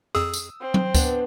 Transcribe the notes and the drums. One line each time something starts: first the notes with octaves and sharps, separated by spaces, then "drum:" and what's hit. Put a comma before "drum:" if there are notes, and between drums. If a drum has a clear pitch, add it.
F2 G#4 D#6 E6
drum: tambourine
C4
drum: tom F#3
B3 D4, drum: kick D2, tambourine